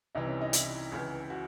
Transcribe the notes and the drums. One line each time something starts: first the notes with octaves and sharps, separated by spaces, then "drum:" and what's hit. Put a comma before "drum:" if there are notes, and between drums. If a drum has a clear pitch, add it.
C2 C3 E3 D#4
C#4
D#4
E4, drum: hi-hat
C#2 C#3 E3
F#4